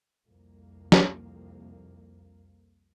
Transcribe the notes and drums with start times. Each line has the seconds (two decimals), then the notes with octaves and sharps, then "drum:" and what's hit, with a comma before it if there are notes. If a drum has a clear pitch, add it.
0.28 C2 F2 A#3
0.92 drum: snare